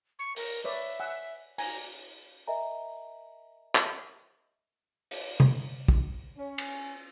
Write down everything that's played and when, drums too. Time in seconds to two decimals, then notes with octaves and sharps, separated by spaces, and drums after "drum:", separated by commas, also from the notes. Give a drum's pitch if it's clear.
0.19 C#6
0.36 A#4, drum: open hi-hat
0.64 B4 C#5 D5 E5
1.00 F#5 G#5 E6
1.58 G#5 A#5, drum: open hi-hat
2.47 A#4 D#5 E5 G#5 A#5
3.75 drum: clap
5.11 drum: open hi-hat
5.40 drum: tom C3
5.88 drum: kick
6.38 C#4
6.58 drum: cymbal